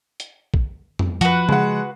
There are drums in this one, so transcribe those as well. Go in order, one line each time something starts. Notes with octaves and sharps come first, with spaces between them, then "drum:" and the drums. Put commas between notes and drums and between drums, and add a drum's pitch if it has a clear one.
drum: hi-hat
drum: kick A#1
drum: tom F2
F3 F#4 B4, drum: hi-hat
G#3 F#5, drum: tom C#3